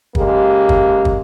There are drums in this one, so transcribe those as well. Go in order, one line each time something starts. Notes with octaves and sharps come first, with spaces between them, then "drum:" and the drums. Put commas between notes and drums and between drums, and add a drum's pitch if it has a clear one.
C#3 G#3 A#3 G4, drum: kick
drum: kick
drum: kick